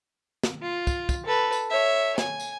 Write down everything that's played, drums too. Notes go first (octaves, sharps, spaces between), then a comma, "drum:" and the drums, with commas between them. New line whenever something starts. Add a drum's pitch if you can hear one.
drum: snare
F4
drum: kick, tambourine
drum: kick, tambourine
A4 B4
drum: tambourine
C#5 E5
G#5, drum: snare
drum: tambourine